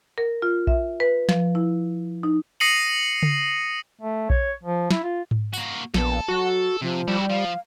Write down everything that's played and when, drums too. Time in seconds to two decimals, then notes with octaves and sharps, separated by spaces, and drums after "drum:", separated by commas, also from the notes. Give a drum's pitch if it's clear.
0.18 A#4
0.42 F4
0.67 E5, drum: kick A#1
1.00 B4
1.29 F3, drum: snare
1.55 E4
2.23 D#4
2.60 D#6 A#6 C7 C#7 D#7 F#7
3.23 drum: tom C#3
4.01 A3
4.30 C#5, drum: kick A#1
4.63 F3
4.91 E4, drum: snare
5.03 F4
5.31 drum: tom G#2
5.54 A#3 F#4, drum: tambourine
5.94 A#1 B3 A4 A5, drum: snare
6.28 F#3 F#4
6.82 C3 F3
7.08 G3 E4 F#4
7.29 F3 F5